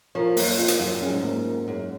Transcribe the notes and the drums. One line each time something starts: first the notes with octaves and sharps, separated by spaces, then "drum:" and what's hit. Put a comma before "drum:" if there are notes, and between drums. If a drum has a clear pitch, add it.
F3 F4 A#4 C#5
F#2 A#3, drum: open hi-hat
F2 F4 A#4
drum: hi-hat
F#2 F#3
F#2
C#4 G#4
G#2
A#3
F4 A#4
F#2 G#3